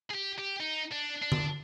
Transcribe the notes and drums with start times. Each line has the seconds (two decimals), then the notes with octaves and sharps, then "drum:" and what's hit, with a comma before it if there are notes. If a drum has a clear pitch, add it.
0.10 G#4
0.14 G4
0.38 G4
0.60 D#4
0.92 D4
1.22 D4
1.32 drum: tom D3